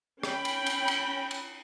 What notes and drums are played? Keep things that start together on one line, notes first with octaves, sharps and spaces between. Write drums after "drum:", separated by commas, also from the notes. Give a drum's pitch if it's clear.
C#4 G5 B5, drum: rim click
drum: cymbal
drum: cymbal
drum: cymbal
drum: cymbal